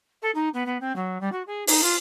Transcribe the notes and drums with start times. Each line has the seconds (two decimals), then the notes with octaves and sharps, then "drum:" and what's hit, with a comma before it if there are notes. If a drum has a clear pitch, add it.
0.22 A4
0.35 D#4
0.54 B3
0.66 B3
0.81 C4
0.96 F#3
1.21 G3
1.32 F#4
1.47 G#4
1.67 D#4, drum: open hi-hat
1.83 F4